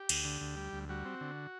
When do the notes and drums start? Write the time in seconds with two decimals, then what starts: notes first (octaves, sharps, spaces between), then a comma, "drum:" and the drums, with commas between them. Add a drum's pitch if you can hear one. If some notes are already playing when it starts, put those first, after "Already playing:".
Already playing: G4
0.09 D2, drum: cymbal
0.25 D3
0.41 D2
0.57 G3
0.73 D2
0.89 G3 F#4
1.05 C4
1.21 D3